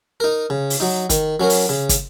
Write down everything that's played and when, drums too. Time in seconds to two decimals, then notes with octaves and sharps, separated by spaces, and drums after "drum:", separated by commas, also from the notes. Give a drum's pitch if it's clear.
0.20 D#4 A#4
0.50 C#3
0.70 drum: open hi-hat
0.80 F#3 D#4
1.10 D#3, drum: kick, hi-hat
1.40 F#3 C#4 A#4
1.50 drum: open hi-hat
1.69 C#3
1.89 drum: kick, hi-hat